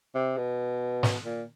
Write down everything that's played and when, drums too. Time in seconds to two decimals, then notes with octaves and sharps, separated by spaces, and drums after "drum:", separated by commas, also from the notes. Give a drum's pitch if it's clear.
0.15 C3
0.37 B2
1.03 drum: snare
1.25 A#2